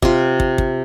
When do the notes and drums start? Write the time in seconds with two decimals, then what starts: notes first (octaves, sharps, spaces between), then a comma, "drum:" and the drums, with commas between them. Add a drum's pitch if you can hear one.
0.02 C3 F4, drum: kick
0.40 drum: kick
0.58 drum: kick